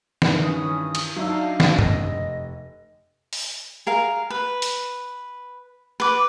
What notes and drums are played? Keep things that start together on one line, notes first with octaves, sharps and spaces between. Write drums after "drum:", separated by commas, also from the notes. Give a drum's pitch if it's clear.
G2 D#3 E3, drum: snare
C#4 D#6
drum: cymbal
F#3 D4 D#4 E5 F5 E6
drum: snare
F1 D#5 A#6, drum: tom F#2
drum: open hi-hat
G#4 A#4 F5
B4
drum: hi-hat
B4 D6